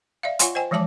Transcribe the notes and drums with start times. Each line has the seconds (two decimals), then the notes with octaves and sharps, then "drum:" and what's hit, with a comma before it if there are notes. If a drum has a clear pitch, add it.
0.23 D5 E5 F5
0.39 F4 C#5 F#5 G#5 C6, drum: hi-hat
0.55 C5 D#5 G5 G#5
0.71 E3 F3 G#3 C#5 A5 D6